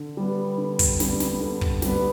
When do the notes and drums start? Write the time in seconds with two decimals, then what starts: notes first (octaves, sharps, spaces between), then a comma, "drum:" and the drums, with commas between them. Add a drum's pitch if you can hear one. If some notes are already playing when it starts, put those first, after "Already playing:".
Already playing: D3
0.17 G3 B3
0.58 D3
0.79 drum: kick, hi-hat
1.00 G3 B3, drum: snare
1.20 drum: snare
1.41 D3
1.61 drum: kick
1.82 G3 B3, drum: snare